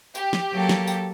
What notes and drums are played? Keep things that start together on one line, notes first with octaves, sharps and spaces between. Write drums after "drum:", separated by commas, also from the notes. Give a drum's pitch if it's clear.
G4, drum: tambourine
drum: snare
F#3 A#3 A4
drum: snare
drum: tambourine